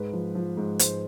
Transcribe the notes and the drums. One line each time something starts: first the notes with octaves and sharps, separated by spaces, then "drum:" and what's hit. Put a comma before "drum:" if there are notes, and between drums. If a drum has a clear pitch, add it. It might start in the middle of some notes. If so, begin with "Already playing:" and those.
Already playing: G#2 B4
F3
F3
G#2
G#2 C5, drum: hi-hat